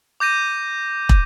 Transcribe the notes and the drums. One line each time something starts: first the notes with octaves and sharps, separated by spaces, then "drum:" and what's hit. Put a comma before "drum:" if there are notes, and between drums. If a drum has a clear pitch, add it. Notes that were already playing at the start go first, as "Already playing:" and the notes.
D6 G6 A#6 D#7
drum: kick